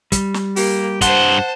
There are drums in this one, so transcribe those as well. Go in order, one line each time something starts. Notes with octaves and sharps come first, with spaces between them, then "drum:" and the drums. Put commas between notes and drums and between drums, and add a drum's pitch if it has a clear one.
G3, drum: kick, hi-hat
drum: snare
A#3 G4, drum: open hi-hat
G2 C5 F#5 A5 C6, drum: kick, hi-hat